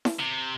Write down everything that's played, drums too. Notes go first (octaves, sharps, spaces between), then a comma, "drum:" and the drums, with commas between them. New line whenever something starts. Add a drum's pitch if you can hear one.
drum: snare E4
C3